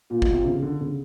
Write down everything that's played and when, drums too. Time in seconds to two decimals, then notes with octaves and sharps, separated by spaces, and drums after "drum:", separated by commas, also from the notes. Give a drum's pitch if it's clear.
0.10 A#2 F4
0.22 B2, drum: kick
0.34 C3
0.45 C#3
0.63 D3
0.81 C#3